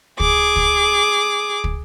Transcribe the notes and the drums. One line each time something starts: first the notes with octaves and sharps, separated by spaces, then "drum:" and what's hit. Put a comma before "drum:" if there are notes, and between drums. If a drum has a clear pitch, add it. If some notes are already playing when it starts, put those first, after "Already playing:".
G#4 D6, drum: kick
drum: kick
drum: kick